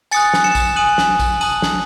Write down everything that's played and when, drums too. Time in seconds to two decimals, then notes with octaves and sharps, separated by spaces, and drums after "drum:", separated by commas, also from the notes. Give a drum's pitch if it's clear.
0.11 G#5 D#6 F#6 A6 C#7, drum: tambourine
0.34 drum: snare
0.44 C#7 E7
0.55 drum: kick A#1, tambourine
0.76 G#5 D#6 F#6 D#7 F#7
0.98 drum: snare
1.19 drum: kick A#1, tambourine
1.41 A5 D#6 F#6 D#7 F#7, drum: tambourine
1.62 drum: snare